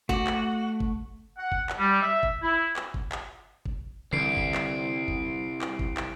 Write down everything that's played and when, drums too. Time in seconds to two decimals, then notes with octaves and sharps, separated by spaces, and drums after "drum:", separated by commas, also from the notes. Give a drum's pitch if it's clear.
0.09 A3 F#4 D6, drum: kick G1
0.27 drum: clap
0.80 drum: kick G1
1.38 F#5
1.52 drum: kick G1
1.70 drum: clap
1.79 G3
2.02 E5
2.23 drum: kick G1
2.42 E4
2.76 drum: clap
2.94 drum: kick G1
3.12 drum: clap
3.66 drum: kick G1
4.13 C2 D3 E3 C7 D7
4.37 drum: kick G1
4.55 drum: clap
5.08 drum: kick G1
5.62 drum: clap
5.79 drum: kick G1
5.97 drum: clap